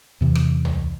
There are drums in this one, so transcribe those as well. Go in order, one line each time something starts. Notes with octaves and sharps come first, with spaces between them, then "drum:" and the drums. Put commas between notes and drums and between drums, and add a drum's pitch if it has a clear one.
E2 C3 E3
drum: rim click
drum: tom C#2